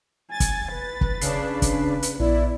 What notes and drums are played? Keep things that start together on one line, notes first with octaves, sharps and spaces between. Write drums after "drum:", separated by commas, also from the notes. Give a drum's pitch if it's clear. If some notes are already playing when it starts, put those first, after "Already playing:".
G#5 A6
drum: kick, hi-hat
B4
drum: kick
C#3 D4 C7, drum: hi-hat
drum: kick, hi-hat
drum: hi-hat
A#1 B3 E4 D5